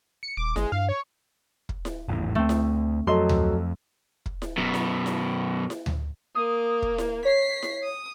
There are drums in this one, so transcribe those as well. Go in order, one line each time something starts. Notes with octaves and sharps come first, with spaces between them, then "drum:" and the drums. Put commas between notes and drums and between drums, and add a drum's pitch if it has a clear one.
C#7
D#1 D6
G1 G#3, drum: snare E4
G2 F5
C#5
drum: kick
drum: snare E4
G#1 E2 A2
D2 A3 C4
drum: snare E4
F2 F#3 A4 D#5 C6
drum: tom D2
drum: kick
drum: snare E4
F#2 B2
drum: snare E4
drum: snare E4
drum: snare E4
drum: tom D2
A#3 D#6
drum: kick
drum: snare E4
C#5 B6 C7
drum: snare E4
D#6